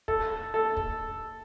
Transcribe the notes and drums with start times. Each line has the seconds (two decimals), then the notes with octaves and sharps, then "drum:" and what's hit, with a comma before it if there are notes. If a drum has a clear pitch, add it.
0.08 A4, drum: kick
0.54 A4
0.77 drum: kick